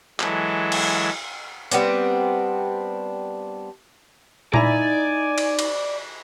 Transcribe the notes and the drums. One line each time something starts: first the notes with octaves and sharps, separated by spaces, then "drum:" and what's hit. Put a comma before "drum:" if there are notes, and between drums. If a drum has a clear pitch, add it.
E3 F#3 G#3 E4 A4, drum: clap
drum: cymbal
G3 B3 C4 D4, drum: hi-hat
D#4 E4 D5 G#5 A#5, drum: tom A#2
drum: cymbal
drum: cymbal